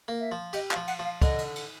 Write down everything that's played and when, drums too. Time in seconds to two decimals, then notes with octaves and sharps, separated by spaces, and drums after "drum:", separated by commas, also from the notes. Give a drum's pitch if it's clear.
0.08 A#3
0.20 E5
0.32 F3
0.53 G4 D#5, drum: cymbal
0.71 F5, drum: clap
0.76 F3
0.87 F#5, drum: cymbal
0.99 F3 F5
1.22 D3 D#5, drum: kick, cymbal
1.39 drum: cymbal
1.56 drum: cymbal